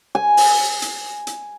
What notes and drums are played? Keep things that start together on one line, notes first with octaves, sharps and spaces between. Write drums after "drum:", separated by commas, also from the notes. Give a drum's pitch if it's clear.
G#5
drum: open hi-hat
drum: hi-hat
drum: hi-hat